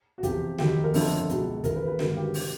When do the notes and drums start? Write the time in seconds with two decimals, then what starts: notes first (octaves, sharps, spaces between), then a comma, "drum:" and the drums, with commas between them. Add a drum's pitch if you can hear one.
0.18 F#4
0.23 E2 C3 F3 G4, drum: kick, hi-hat
0.58 F1 D#2 D#3 F#3 G4, drum: snare
0.84 A#4
0.94 G1 F2 D3 F3 A4, drum: open hi-hat
1.29 C#2 B2 F#3, drum: hi-hat
1.64 D#2 C#3 E3 A#4, drum: kick, hi-hat
1.76 B4
1.87 B4
1.99 G#1 G2 D3 F#3 A#4, drum: snare
2.11 F#4
2.17 G4
2.34 C3 F3, drum: open hi-hat